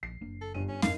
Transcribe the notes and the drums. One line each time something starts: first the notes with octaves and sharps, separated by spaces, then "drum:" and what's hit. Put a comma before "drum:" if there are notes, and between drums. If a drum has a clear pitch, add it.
A#1 C7
F#1 A#3 D4
A4
G1 G2 C#4 D#7
C#4
F2 G#2 D#4 A#4 F5, drum: snare